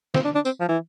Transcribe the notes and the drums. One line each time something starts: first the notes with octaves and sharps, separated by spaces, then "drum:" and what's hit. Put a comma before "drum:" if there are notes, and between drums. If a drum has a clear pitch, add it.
C4, drum: snare
D4
D4
C4, drum: tambourine
F3
E3